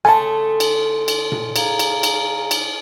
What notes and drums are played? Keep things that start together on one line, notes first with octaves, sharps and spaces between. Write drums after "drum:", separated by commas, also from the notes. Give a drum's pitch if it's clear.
C#3 A3 A4 G#5 A5 C6
drum: cymbal
drum: cymbal
drum: tom A#2
G#4 F5 A#5, drum: cymbal
drum: cymbal
drum: cymbal
drum: cymbal